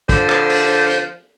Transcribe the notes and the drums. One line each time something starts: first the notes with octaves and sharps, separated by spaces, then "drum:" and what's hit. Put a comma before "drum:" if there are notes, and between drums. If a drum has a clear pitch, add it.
D3 F3 C5, drum: kick, hi-hat
drum: clap
drum: open hi-hat
drum: hi-hat